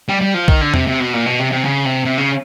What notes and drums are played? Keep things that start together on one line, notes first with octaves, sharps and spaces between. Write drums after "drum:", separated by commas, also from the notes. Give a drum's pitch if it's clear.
G3
G3
F3
D#3, drum: kick
D3
C3, drum: tom E2
C3
B2
A#2
B2
C3
C3
C#3
C3
C3
C#3